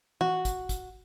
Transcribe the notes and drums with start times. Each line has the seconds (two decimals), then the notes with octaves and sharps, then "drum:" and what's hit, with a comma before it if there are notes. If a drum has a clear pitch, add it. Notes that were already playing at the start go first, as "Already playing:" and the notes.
0.21 F#4, drum: tom E3
0.45 drum: kick, hi-hat
0.69 drum: kick, hi-hat